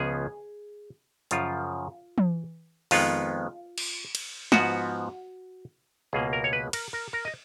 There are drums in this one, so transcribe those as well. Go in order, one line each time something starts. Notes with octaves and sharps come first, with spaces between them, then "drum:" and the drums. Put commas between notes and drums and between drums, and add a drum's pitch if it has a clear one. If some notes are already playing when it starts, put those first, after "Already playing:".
Already playing: C#2 C#3 F3 B3 G#4
F#2 C#3 F3 F4, drum: hi-hat
drum: tom E3
F2 D#3 G#3 B3 F4, drum: open hi-hat
drum: cymbal
drum: cymbal
G#2 F3 B3 F#4, drum: snare
C#2 B2 A#3 G#4
A#4
C#5
B4
A#4, drum: cymbal
A#4
A#4
D#5